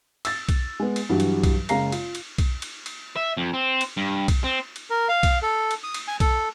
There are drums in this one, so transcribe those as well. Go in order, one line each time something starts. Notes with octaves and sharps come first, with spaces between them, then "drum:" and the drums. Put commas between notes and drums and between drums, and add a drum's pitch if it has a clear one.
E6 A6, drum: cymbal
drum: kick B1, cymbal
G#3 B3
drum: cymbal
G2 E3 F#3 G3
drum: cymbal
drum: kick B1, cymbal
F#1 C#3 G#3 F5 A#5 C7, drum: cymbal
F4, drum: cymbal
drum: cymbal
drum: kick B1, cymbal
drum: cymbal
drum: cymbal
E5
F2
C4
drum: cymbal
G2
drum: kick B1, cymbal
C4
drum: cymbal
A#4
F5
drum: kick B1, cymbal
A4
drum: cymbal
D#6
drum: cymbal
G#5
A4, drum: kick B1, cymbal